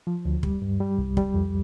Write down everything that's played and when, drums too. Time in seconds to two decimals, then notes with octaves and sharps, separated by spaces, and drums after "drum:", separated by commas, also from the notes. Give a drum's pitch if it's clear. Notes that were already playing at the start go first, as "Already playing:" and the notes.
0.07 F3
0.25 D2
0.43 G3, drum: kick
0.62 G2
0.80 G3
0.98 C2
1.17 G3, drum: kick
1.34 F2